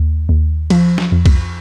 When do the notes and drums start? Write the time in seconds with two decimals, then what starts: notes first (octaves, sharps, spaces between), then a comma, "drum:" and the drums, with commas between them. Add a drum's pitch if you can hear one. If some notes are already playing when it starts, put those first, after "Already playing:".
Already playing: D#2
0.29 D#2
0.70 F3, drum: cymbal
0.98 drum: snare
1.12 F2
1.26 drum: kick, cymbal